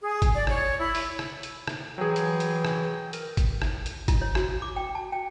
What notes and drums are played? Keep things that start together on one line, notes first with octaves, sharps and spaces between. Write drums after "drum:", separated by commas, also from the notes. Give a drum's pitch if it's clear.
G#4
drum: kick, hi-hat
D5
C#5, drum: rim click
E4
drum: open hi-hat
drum: rim click
drum: hi-hat
drum: rim click
E3 F#3 G#4 G5
drum: hi-hat
drum: hi-hat
drum: rim click
A#4, drum: hi-hat
drum: kick, hi-hat
drum: rim click
drum: hi-hat
E4, drum: kick, hi-hat
C#5
F#4, drum: rim click
D6
G5
A5
G5